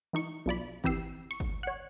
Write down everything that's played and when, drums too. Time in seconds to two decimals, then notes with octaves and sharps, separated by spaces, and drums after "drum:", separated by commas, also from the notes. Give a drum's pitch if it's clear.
0.13 E3 D#4 C#6
0.46 B1 F3 D5 B5
0.84 C3 E3 G4 E6 C7, drum: kick G1
1.31 C#6
1.40 drum: kick G1
1.63 C#5 F#5